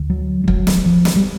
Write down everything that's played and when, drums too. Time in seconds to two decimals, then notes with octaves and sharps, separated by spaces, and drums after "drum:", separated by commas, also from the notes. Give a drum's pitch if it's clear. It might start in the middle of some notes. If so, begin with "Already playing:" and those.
Already playing: D2 D3
0.10 F#3
0.44 G3
0.48 F#3, drum: kick
0.67 drum: snare
0.86 F3
1.05 drum: snare
1.16 G3